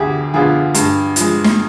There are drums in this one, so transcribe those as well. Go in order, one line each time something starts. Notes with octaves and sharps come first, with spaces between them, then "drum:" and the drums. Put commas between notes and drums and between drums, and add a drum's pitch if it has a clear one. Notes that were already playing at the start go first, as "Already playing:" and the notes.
Already playing: D2 D3 B3 G4 G#4
D3 F3 B3 F4 G#4
G2, drum: hi-hat
F3 G#3, drum: hi-hat
drum: snare